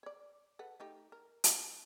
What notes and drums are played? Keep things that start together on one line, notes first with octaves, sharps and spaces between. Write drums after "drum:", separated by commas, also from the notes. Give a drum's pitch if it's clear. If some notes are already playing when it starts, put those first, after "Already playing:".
C#5 D5
A4 B4 F#5
A3 D#4 G4
A#4
drum: hi-hat